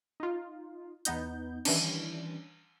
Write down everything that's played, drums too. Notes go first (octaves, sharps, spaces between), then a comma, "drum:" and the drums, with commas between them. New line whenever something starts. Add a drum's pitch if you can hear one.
D#4 F4
E2 B3 D#4 G6, drum: hi-hat
D#3 E3 G3 C#4 D4, drum: cymbal